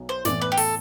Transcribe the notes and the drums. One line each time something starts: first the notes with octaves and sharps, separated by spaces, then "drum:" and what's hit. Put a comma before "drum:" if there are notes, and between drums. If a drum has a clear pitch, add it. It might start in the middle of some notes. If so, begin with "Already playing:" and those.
Already playing: B1 F#3
C5
A2 E3 B3 D5, drum: snare
B4
G4
A4, drum: open hi-hat